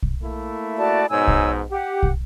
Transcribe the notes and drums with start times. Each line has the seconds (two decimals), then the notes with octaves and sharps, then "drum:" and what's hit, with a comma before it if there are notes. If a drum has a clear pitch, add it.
0.03 drum: kick
0.23 A3 A#3 E4
0.78 F#4 D5 A5
1.10 G#2 B2 D#4 C#5 G#5 E6
1.28 drum: kick
1.71 G4 F#5
2.03 drum: kick